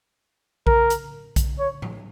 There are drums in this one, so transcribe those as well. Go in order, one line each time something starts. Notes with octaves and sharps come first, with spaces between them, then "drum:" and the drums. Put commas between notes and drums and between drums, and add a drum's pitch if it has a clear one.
A#4, drum: kick
drum: hi-hat
drum: kick, hi-hat
C#5
drum: tom A2